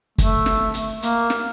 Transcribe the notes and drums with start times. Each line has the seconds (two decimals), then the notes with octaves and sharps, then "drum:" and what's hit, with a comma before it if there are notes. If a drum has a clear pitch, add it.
0.18 A3, drum: kick, hi-hat
0.46 drum: snare
0.74 drum: hi-hat
1.03 A#3, drum: hi-hat
1.30 drum: snare